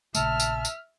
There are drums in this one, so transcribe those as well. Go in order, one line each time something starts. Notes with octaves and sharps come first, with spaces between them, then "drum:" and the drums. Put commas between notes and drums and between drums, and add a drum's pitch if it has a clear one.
A#1 C#3 A3 E5 A5 F6, drum: tambourine
drum: tambourine
drum: tambourine